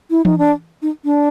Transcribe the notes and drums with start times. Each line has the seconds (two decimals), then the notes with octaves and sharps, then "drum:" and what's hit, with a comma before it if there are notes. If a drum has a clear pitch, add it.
0.11 E4
0.25 D#4, drum: tom E3
0.38 D4
0.82 D#4
1.05 D4